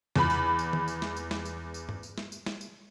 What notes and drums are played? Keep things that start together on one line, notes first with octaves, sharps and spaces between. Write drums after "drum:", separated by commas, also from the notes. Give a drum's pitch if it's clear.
E2 B5, drum: snare
drum: tambourine
drum: tambourine
drum: tom D#3
drum: tambourine
drum: snare
drum: tambourine
drum: snare
drum: tambourine
drum: tambourine
drum: tom G2
drum: tambourine
drum: snare
drum: tambourine
drum: snare
drum: tambourine